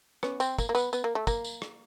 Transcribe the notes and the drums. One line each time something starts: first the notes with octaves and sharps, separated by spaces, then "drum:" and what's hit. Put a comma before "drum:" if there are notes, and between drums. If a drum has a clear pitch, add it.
B3 C#4, drum: rim click
C4, drum: tambourine
A#3, drum: kick, tambourine
A#3
B3, drum: tambourine
B3, drum: tambourine
A#3
A3
A#3, drum: kick, tambourine
drum: tambourine
drum: rim click